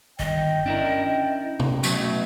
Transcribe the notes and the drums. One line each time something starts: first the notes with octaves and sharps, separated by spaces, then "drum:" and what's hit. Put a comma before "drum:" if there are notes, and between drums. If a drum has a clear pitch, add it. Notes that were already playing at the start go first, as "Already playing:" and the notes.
G1 D3 D#3 D#5 G5
C#4 D4 E4 A#4
drum: tom C3
B2 F#3 A3, drum: tambourine